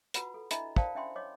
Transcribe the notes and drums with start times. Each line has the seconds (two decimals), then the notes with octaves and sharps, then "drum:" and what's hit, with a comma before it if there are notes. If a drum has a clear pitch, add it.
0.14 F4 F#4 B4 F#5 B5, drum: hi-hat
0.34 A4
0.51 D4 E4 D#5 E5 A#5 B5, drum: hi-hat
0.76 A#4 C5 D5 F5 G5 A5, drum: kick
0.95 C#4 D4 E5 G5 B5 C6
1.16 C#5 D#5 D6